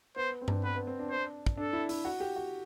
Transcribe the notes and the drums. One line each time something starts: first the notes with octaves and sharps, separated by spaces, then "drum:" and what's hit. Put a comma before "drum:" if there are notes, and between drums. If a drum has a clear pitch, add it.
B3 C5
C4
D4, drum: tom G2
B3 B4
B3
C4
D4
C5
drum: kick
D4 A4
E4
E4, drum: open hi-hat
F#4
G4
F#4